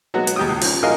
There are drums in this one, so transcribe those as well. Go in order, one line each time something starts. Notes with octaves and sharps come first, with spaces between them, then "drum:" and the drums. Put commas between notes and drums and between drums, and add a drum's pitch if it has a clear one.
F#3 G#3 B3 F#4
drum: hi-hat
D#2 G4 G5 D#6
C#2
F3 C#4, drum: open hi-hat
D#4 F4 F#4 G#4 A#4 D#5